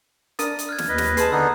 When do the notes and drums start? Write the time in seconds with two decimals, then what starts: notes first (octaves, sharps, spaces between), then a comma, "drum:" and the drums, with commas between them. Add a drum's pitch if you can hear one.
0.39 D4 A#4 D#6 A6 D#7, drum: hi-hat
0.59 drum: hi-hat
0.69 F6 F#6 G#6
0.78 drum: snare
0.89 D#2 B4 D#5
0.98 drum: snare
1.17 G#4 B4 G#5 A5 C6 C7, drum: hi-hat
1.32 D3 B3 D4 D#4 E6